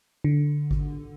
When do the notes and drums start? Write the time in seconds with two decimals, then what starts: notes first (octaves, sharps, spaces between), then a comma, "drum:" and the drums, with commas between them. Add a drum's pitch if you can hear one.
0.24 D3
0.71 drum: kick G#1